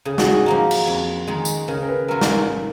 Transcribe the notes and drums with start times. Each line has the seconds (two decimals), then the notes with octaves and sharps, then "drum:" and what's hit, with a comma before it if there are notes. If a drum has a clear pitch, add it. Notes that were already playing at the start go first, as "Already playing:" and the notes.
0.05 C#3 G#4
0.18 F#4, drum: snare
0.31 G#4
0.46 F3 A#3 D#4
0.71 drum: cymbal
0.87 F2
1.27 D#3 G#3
1.45 drum: tambourine
1.68 C#3 A#4
1.83 A#4
1.89 B4
2.08 F#3 C#4 F4 A#4
2.21 drum: snare